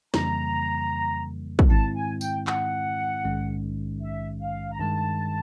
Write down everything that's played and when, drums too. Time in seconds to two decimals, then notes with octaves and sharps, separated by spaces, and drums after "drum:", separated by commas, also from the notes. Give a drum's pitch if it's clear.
0.14 F2 C#3 E3 G3 A#3 A#5, drum: snare
1.59 drum: kick
1.69 G#2 D#3 G#3 C4 E4 A5
1.96 G#5
2.21 G5, drum: tambourine
2.47 F#5, drum: clap
3.24 A#1 G#2 D#3 G#3 C#4
4.02 E5
4.41 F5
4.72 A#5
4.79 G2 D#3 G#3 A5